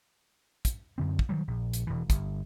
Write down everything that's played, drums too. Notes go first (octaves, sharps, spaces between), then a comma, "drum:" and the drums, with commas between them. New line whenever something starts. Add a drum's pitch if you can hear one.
drum: kick, hi-hat
F#2 D3 C4
drum: kick
D#3 F#3 G3
A#1
drum: hi-hat
E1 E3
G1, drum: kick, hi-hat